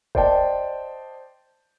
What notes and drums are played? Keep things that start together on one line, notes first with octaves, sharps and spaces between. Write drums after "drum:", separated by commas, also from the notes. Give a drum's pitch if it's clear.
C5 D5 D#5 G5 A5, drum: kick D#1